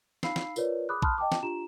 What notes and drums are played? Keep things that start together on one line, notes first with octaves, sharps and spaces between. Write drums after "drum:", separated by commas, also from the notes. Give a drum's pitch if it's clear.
D#4 F5 B5 E6 C7, drum: snare
drum: snare
F4 A#4 B4 C#5 D5, drum: tambourine
G#4 B5 D6 D#6 F#6
A5 B5 C6 D#6 F6 F#6, drum: kick B1
D#5 G5 A5 D6
drum: snare
D4 F4 G4 A#5 E7